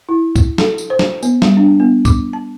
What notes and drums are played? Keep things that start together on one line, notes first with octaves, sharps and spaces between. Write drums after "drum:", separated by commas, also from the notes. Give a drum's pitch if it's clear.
E4
drum: kick, tambourine
A4, drum: snare
drum: tambourine
C5
drum: snare
B3, drum: tambourine
G3, drum: snare
D4
B3
D6, drum: kick, tambourine
A5